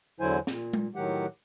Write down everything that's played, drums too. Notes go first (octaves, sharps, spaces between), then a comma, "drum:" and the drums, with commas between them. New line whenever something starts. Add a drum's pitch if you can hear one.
E2 D3 F#3 E4 C5 G#5
A#2, drum: snare
drum: tom G#3
A2 D#3 F#3 G4 F#5